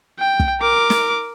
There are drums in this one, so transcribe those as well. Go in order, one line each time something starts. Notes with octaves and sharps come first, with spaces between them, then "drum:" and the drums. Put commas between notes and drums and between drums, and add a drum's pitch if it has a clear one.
G5
drum: kick
A#4 D6
drum: snare